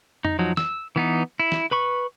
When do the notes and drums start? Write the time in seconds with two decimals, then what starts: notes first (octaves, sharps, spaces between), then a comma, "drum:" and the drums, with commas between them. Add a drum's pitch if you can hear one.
0.25 D#4, drum: tom F2
0.39 F3 F#3 D#4
0.57 E6, drum: snare
0.96 E3 B3 D#4
1.40 E4
1.52 drum: snare
1.71 B4 B5 C#6